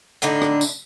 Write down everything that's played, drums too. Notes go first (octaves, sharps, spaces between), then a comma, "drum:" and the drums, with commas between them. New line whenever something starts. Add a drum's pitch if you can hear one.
A2 D3 D4 D#4
drum: rim click
drum: tambourine